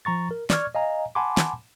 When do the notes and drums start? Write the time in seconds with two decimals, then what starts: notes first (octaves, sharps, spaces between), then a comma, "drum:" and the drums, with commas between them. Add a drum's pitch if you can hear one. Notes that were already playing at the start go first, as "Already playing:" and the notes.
0.05 F3 A#5 C#6 A6
0.31 A#4
0.50 D5 C#6 F6 G#6, drum: snare
0.75 D#5 F5 G#5 A#5
1.15 F#5 G#5 A5 B5 C6 D6
1.37 drum: snare